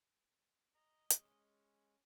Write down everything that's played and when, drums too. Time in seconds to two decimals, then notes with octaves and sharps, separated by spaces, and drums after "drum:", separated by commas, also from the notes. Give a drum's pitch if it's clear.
0.75 D#5 A#5
1.10 G#3 C#4, drum: hi-hat